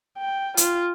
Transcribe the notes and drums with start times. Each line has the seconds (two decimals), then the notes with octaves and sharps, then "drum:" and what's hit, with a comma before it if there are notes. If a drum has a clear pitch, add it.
0.18 G5
0.57 F4, drum: hi-hat